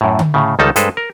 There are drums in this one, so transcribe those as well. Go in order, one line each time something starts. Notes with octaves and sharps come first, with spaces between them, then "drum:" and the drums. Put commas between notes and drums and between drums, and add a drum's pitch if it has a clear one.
F#2 A2
drum: tom D3
A2 C#3
C#2 D#3 G3 D#4 A4 A5
G2 G#3 A4 B4 C5, drum: hi-hat
A#4